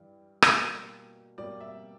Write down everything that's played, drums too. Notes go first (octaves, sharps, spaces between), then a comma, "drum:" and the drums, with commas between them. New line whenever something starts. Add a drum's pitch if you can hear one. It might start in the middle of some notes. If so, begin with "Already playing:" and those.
Already playing: G2 E3 G3
B2 G3 A#3, drum: rim click
B2 G3 A#3 D5
E5